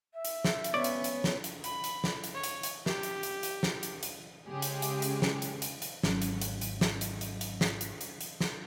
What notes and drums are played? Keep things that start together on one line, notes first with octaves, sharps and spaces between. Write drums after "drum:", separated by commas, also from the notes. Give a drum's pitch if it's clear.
E5
drum: hi-hat
drum: snare
drum: hi-hat
B3 C#4 C#5 D5
drum: hi-hat
drum: hi-hat
drum: snare
drum: hi-hat
B5, drum: hi-hat
drum: hi-hat
drum: snare
drum: hi-hat
C#5
drum: hi-hat
drum: hi-hat
G4, drum: snare
drum: hi-hat
drum: hi-hat
drum: hi-hat
drum: snare
drum: hi-hat
drum: hi-hat
C#3 G#3 G4 G#4
drum: hi-hat
drum: hi-hat
drum: hi-hat
drum: snare
drum: hi-hat
drum: hi-hat
drum: hi-hat
G#1 F#3 C#4, drum: snare
drum: hi-hat
drum: hi-hat
drum: hi-hat
drum: snare
drum: hi-hat
drum: hi-hat
drum: hi-hat
drum: snare
drum: hi-hat
drum: hi-hat
drum: hi-hat
drum: snare